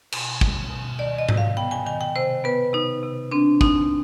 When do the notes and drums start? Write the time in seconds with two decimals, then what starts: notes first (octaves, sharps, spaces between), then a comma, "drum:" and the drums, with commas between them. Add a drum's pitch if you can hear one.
0.12 B2, drum: cymbal
0.41 G3, drum: kick
0.70 B2
0.99 D#3 D5
1.18 D#5
1.29 C3, drum: tom G#2
1.37 F5
1.57 B3 G5
1.71 G#5
1.86 D#3 G#5
2.01 G5
2.16 C3 C5
2.44 B3 B4
2.73 C3 D#4
3.03 C3
3.32 C4 D4
3.61 C4 D#4, drum: kick